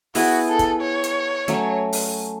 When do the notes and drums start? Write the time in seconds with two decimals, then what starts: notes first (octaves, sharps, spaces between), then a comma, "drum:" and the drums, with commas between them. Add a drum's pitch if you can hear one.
0.15 B3 E4 F#4 G#4 B4, drum: open hi-hat
0.48 A4
0.59 drum: kick, hi-hat
0.81 C#5
1.04 drum: hi-hat
1.48 F#3 A3 C#4, drum: hi-hat
1.93 drum: open hi-hat